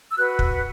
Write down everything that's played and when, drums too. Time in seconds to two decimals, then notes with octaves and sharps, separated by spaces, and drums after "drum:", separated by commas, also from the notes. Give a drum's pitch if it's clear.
0.12 E6
0.16 F#4 B4 F#6
0.39 drum: kick